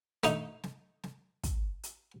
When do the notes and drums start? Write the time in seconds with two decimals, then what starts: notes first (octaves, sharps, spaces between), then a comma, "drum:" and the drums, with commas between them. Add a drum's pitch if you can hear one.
0.24 A3 D#4, drum: hi-hat
0.64 drum: snare
1.04 drum: snare
1.43 drum: kick, hi-hat
1.83 drum: hi-hat